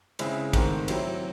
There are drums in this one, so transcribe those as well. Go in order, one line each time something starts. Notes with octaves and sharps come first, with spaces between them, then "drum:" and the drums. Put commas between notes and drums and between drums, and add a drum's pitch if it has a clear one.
C#3 G#3 C4 E4, drum: cymbal
G#2 D#3 A3 C4, drum: kick A#1, cymbal
F#3 C4 E4, drum: cymbal